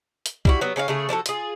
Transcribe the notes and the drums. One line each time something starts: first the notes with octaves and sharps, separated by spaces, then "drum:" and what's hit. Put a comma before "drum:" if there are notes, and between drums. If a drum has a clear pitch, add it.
drum: hi-hat
G3 E4 F#4, drum: kick
F#3 B3
C#3 C#4 G#4 F5
C#3 A3 G#4
F3 D4 F#4 A4
F4 G#4, drum: hi-hat